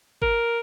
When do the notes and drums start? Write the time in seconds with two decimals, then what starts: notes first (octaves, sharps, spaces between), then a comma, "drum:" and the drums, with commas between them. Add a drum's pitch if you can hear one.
0.22 A#4, drum: kick G#1